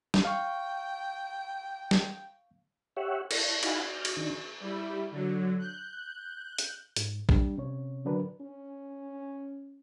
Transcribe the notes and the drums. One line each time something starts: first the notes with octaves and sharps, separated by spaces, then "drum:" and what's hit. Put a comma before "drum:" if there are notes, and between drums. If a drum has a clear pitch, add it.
drum: snare
F5 G5 C#6
drum: snare
G4 C#5 E5 F#5
E4, drum: cymbal
D#4 E4 F5 F#5 G#5 B5, drum: cymbal
D6 F6 G6
drum: cymbal
D#3 D4
G3 E4
D3 F#3
F#6 G6
drum: hi-hat
G#2, drum: hi-hat
G3 D4, drum: kick A#1
C3 C#4 C#5
D3 D#3 F#3 D4 A#4 B4
C#4